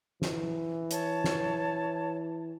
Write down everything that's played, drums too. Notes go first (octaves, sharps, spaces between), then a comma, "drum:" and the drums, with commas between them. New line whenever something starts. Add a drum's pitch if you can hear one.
E3, drum: snare
C#5 A5, drum: hi-hat
drum: snare